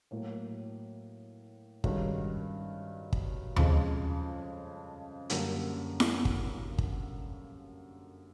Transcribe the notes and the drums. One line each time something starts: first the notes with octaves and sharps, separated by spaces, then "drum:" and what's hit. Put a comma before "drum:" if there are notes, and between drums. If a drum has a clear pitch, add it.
A2 F#3 A#3
G2 D#3 G#3 C#4 F#4, drum: kick
drum: kick
F2 C#3 F3 G#3, drum: tom D#2
F#2 D3 G3 A#3, drum: hi-hat
drum: snare E4
drum: kick
drum: kick